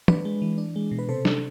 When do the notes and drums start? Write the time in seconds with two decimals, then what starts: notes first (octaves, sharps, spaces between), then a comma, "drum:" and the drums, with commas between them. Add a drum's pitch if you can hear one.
0.08 D4 B4, drum: tom
0.25 G#3
0.42 E3
0.58 D4
0.76 G#3
0.91 B2
0.99 B4
1.09 C3 A4 C5
1.25 D4, drum: snare